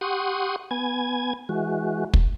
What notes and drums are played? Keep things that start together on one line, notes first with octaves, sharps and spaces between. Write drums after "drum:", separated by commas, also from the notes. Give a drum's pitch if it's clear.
G4 F#5 C6 C#6 D#6
B3 G#5 G#6
E3 G#3 F#4
drum: kick